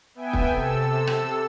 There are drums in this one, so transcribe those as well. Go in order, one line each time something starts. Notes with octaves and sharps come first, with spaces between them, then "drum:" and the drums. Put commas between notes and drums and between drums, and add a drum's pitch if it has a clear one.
B3 E5 G5 G#5
drum: kick
C3 A4 E6
drum: rim click